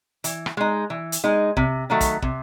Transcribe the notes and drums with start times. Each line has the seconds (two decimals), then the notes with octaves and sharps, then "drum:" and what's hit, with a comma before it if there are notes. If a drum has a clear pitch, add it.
0.24 E3, drum: hi-hat
0.46 drum: rim click
0.57 G#3 D#4
0.90 E3
1.12 drum: hi-hat
1.24 G#3 D#4
1.57 C3, drum: kick
1.90 D#3 F#3 A3
2.01 drum: kick, hi-hat
2.22 C3, drum: kick